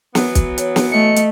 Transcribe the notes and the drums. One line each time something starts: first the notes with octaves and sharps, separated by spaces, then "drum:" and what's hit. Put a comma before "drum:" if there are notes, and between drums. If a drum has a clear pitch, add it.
E3 F#3 B3, drum: snare
drum: kick, hi-hat
C#5, drum: hi-hat
drum: snare
A3 D#5 C#7
drum: hi-hat